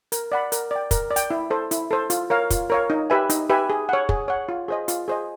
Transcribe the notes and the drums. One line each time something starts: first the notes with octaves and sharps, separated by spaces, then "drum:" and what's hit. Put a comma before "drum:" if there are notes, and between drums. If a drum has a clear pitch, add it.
A#4, drum: hi-hat
D5 F#5 B5
A#4, drum: hi-hat
D5 G5
A#4, drum: kick, hi-hat
D5
G5, drum: hi-hat
E4
A4 C5
E4, drum: hi-hat
A4 C5
F4, drum: hi-hat
A#4 C#5 F5
F4, drum: kick, hi-hat
A#4 C#5 F5
D#4
G4 B4 E5 G#5
D#4, drum: hi-hat
G4 B4 E5 G#5
G#4
C#5 F#5
G#4, drum: kick
C#5 F#5
F4
G#4 C5 D#5
F4, drum: hi-hat
G#4 C5 D#5